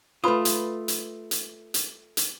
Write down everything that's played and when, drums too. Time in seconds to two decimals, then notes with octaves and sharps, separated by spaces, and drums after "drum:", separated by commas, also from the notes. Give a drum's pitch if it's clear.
0.24 A3 F4 B4 B5 D#6
0.45 drum: hi-hat
0.88 drum: hi-hat
1.31 drum: hi-hat
1.74 drum: hi-hat
2.17 drum: hi-hat